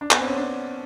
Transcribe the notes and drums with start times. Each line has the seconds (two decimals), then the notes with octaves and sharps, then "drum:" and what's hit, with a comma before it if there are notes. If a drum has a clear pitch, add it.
0.01 D4
0.11 B3, drum: clap
0.19 C4
0.27 C#4
0.36 D4